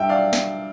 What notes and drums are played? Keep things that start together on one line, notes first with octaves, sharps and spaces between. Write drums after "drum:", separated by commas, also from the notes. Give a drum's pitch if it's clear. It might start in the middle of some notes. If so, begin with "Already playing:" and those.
Already playing: G2 E5 G5
D5 F5
drum: snare